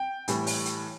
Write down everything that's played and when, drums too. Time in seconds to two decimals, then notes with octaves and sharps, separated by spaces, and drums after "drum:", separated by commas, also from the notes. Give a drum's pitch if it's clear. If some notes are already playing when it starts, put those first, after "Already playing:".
Already playing: G5
0.28 A2 E3 G3, drum: hi-hat
0.47 drum: open hi-hat
0.65 drum: hi-hat